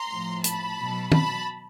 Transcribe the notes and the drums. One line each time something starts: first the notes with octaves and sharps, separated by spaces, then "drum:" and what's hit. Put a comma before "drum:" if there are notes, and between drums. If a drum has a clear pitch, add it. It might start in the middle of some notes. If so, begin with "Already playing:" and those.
Already playing: A#5 C6
A2 F3
A5 B5, drum: hi-hat
B2 F#3
A5 B5, drum: tom D#3